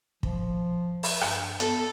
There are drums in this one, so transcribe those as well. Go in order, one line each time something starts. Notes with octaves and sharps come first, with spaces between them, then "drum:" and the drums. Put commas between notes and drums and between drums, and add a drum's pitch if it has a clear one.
F3, drum: kick
drum: open hi-hat
G2, drum: rim click
B3 A4, drum: hi-hat